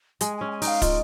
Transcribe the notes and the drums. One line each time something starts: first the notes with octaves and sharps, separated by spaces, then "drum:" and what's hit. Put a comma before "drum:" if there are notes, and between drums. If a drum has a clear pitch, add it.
G#3 G#5, drum: hi-hat
C#4 G#5
G#5
D#4, drum: open hi-hat
F5
F4 D#5, drum: kick, hi-hat